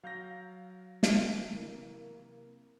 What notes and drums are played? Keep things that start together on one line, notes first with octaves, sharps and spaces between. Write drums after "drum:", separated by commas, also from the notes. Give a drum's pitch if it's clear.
F#3 F5 G6 A#6
drum: snare
C3 E3 A#3